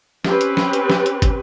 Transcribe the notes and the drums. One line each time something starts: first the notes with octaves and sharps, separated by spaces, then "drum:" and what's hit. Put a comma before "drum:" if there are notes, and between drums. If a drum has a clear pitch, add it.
C4 C#4 G4 B4, drum: snare
drum: hi-hat
drum: snare
drum: hi-hat
drum: snare
drum: hi-hat
drum: kick, hi-hat